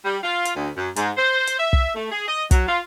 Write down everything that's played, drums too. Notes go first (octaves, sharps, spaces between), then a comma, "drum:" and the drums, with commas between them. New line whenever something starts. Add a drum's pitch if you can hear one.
G3
F4
drum: hi-hat
D2
F#2
G#2, drum: hi-hat
C5
drum: hi-hat
E5
drum: kick
A3
G#4
D#5
F#3, drum: kick, hi-hat
F4